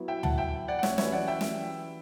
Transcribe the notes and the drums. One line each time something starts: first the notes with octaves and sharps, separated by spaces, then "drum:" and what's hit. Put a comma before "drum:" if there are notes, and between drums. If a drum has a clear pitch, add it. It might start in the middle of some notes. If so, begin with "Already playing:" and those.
Already playing: F#3 B3 E4
E5 G5
F#5 A5, drum: tom
E5 G5
D5 F#5
F#5
C#5 E5, drum: snare
E3 G3 C#4 F#4 B4 C#5 E5, drum: snare
D5 F#5
E5 G5
drum: snare